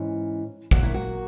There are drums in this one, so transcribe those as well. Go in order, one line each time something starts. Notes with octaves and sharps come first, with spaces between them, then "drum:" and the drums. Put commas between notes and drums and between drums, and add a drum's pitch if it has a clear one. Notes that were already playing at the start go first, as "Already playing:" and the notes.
Already playing: G#2 E3 C#4
A#2 F#3 A#3 F#4, drum: kick
E4
F#4